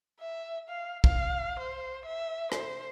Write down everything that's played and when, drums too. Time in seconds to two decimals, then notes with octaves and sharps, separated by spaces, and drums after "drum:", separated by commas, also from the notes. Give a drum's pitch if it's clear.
0.20 E5
0.69 F5
1.04 F5, drum: kick
1.59 C5
2.05 E5
2.52 C5, drum: rim click